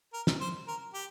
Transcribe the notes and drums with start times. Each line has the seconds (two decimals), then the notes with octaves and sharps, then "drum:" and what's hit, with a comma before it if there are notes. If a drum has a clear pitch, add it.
0.13 A#4
0.27 drum: snare
0.40 C5
0.67 A#4
0.94 G4